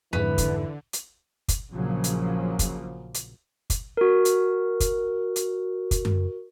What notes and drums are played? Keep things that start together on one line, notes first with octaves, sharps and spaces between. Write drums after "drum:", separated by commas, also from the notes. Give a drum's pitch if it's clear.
F2 G#2 D3 E3 B3 B5
drum: kick, hi-hat
drum: hi-hat
drum: kick, hi-hat
A#1 C#3 F3 F#3 A#3 C#4
drum: hi-hat
drum: kick, hi-hat
drum: hi-hat
drum: kick, hi-hat
F#4 A#4
drum: hi-hat
drum: kick, hi-hat
drum: hi-hat
drum: kick, hi-hat
drum: tom F#2